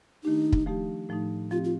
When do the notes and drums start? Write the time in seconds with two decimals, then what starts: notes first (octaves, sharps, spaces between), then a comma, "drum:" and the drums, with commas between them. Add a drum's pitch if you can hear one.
0.24 D#3 A3 D4 D#4 G4
0.52 drum: kick
0.66 F3 A3 D#4 G4
1.09 A2 F3 A3 D#4
1.51 F3 C4 F4 G4
1.64 F4